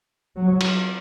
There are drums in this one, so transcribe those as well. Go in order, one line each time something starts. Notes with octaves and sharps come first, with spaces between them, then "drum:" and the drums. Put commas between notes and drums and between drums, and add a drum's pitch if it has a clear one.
F#3
drum: cymbal